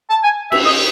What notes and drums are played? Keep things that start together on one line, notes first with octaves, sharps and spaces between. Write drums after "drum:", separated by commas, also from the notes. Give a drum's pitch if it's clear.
A5
G#5
E5, drum: cymbal
D#5